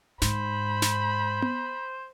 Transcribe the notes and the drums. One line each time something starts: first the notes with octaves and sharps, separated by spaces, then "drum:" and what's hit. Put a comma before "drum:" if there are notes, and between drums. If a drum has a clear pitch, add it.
G#2 C5 B5, drum: snare
drum: snare
drum: tom B3